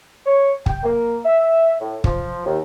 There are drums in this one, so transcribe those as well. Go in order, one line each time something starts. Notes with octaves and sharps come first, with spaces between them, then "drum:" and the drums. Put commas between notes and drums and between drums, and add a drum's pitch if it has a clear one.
C#5
G5, drum: kick
A#3
E5
A2
F3, drum: kick
D#2